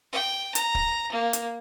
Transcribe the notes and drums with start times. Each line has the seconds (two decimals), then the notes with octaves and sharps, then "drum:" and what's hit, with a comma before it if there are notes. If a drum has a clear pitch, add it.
0.12 G5
0.55 A#5, drum: hi-hat
0.75 drum: kick
1.12 A#3
1.33 drum: hi-hat